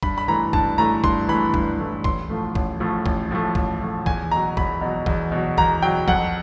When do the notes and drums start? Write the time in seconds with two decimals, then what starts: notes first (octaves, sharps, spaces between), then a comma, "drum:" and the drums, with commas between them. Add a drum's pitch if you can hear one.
0.03 G2 B5, drum: kick
0.18 B5
0.28 E3 A3 A#5
0.53 G2 A5, drum: kick
0.78 E3 A3 A#5
1.04 G2 C6, drum: kick
1.29 E3 A3 B5
1.54 G2, drum: kick
1.79 E3 A3
2.04 A1 C6, drum: kick
2.30 A2 F3 A3
2.55 A1, drum: kick
2.80 A2 F3 A3
3.06 A1, drum: kick
3.31 A2 F3 A3
3.55 A1, drum: kick
3.80 A2 F3 A3
4.06 E2 G#5, drum: kick
4.31 B2 F#3 A#5
4.57 E2 B5, drum: kick
4.81 B2 F#3
5.06 E2, drum: kick
5.32 B2 F#3
5.58 E2 A#5, drum: kick
5.82 B2 F#3 G5
6.08 F2 F#5, drum: kick